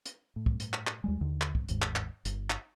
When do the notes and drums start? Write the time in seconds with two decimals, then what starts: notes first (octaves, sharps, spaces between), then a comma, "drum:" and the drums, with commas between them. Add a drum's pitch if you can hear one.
0.06 drum: hi-hat
0.36 A2
0.46 drum: kick
0.60 drum: hi-hat
0.73 drum: clap
0.87 drum: clap
1.04 D#2 G3 G#3
1.21 D#2 D3
1.41 drum: clap
1.55 drum: kick
1.68 G1 D#2 G#2, drum: hi-hat
1.82 drum: clap
1.96 drum: clap
2.25 G1, drum: hi-hat
2.50 drum: clap